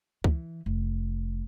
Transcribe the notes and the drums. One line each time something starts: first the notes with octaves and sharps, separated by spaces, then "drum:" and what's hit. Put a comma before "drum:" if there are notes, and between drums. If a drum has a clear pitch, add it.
E3, drum: kick C#2
F1